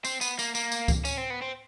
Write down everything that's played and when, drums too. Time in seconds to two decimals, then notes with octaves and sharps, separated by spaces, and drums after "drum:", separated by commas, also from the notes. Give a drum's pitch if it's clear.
0.05 C4, drum: tambourine
0.21 B3, drum: tambourine
0.39 A#3, drum: tambourine
0.55 A#3, drum: tambourine
0.72 drum: tambourine
0.88 drum: kick C#2, tambourine
1.05 C#4, drum: tambourine
1.18 C4
1.30 B3
1.42 C4